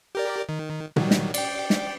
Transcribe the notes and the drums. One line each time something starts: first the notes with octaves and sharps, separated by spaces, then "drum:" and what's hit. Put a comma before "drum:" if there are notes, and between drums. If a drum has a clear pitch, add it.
G4 A#4 D5
D#3
D#3 F#3 G3, drum: tom A#2
drum: snare
D5 G5, drum: cymbal
drum: snare